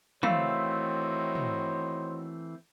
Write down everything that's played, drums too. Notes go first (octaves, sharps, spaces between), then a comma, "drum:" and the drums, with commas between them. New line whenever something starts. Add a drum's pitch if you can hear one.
D#3 E3 A3 C4 F#4 C5 C#5 F5, drum: tom
drum: tom